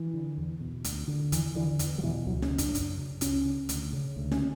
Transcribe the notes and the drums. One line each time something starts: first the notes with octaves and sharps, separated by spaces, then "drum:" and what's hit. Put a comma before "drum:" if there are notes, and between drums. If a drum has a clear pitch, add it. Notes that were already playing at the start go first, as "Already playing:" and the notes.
Already playing: E3
D3
E2
B2
D2, drum: hi-hat
D3
E2 E3, drum: hi-hat
D3 E3
E2, drum: hi-hat
F#3
B2 E3
C#2 F#3
C#4, drum: snare D#4
C#3
D4, drum: kick, hi-hat
F#2, drum: hi-hat
C#3
C#2 C#4, drum: hi-hat
C#3
D2, drum: hi-hat
C#3
D2
C#4, drum: snare D#4